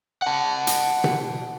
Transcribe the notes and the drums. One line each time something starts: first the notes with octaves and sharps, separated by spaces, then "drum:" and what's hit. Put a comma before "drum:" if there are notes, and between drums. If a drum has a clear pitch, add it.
F#5 A5
drum: hi-hat
drum: tom B2